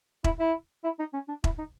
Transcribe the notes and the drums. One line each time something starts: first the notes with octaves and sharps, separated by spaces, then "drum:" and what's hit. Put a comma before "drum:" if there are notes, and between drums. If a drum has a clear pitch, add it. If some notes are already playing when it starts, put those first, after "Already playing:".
E4, drum: kick E1
E4
E4
D#4
C#4
D4
E4, drum: kick E1
D#4